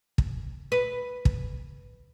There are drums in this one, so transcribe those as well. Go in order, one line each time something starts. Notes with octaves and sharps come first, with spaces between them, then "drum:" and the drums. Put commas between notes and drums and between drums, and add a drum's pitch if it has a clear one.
drum: kick
B4
drum: kick